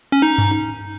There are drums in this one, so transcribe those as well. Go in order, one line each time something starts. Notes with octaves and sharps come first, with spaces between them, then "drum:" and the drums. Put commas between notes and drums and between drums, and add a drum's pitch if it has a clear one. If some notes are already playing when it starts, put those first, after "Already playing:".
C#4
D#4
drum: tom G2